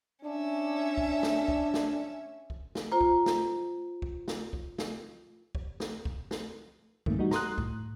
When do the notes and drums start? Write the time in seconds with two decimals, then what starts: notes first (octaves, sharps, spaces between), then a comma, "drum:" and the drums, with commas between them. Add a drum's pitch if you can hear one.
0.24 C#4 D4 E5
0.98 drum: kick
1.23 drum: snare
1.48 drum: kick
1.74 drum: snare
2.50 drum: kick
2.75 drum: snare
2.92 F4 C5 A#5
3.01 drum: kick
3.26 drum: snare
4.02 drum: kick
4.28 drum: snare
4.53 drum: kick
4.78 drum: snare
5.55 drum: kick
5.80 drum: snare
6.05 drum: kick
6.31 drum: snare
7.06 G#2 C3 D#3 A3 A#3, drum: kick
7.18 E3 G3 D#4 F#4
7.31 A#5 C6 D#6 F#6, drum: snare
7.58 A2, drum: kick